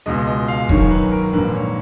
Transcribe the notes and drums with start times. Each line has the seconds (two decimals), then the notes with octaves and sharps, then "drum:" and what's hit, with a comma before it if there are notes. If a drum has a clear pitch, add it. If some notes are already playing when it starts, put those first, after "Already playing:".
0.06 C#2 B2 G#3 D#5
0.27 D#5
0.48 F5
0.69 F#2 D#3 F#3 C#5, drum: kick
0.91 B4
1.12 A#4
1.33 A#1 G#2 D#3 A#3 B4
1.55 C#5